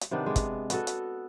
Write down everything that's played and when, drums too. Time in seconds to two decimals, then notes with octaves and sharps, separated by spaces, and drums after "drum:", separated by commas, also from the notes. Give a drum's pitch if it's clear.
0.01 drum: hi-hat
0.11 C3 D#3 B3 D4
0.26 G#3 D5
0.36 drum: kick, hi-hat
0.70 B3 F#4 A4, drum: hi-hat
0.87 drum: hi-hat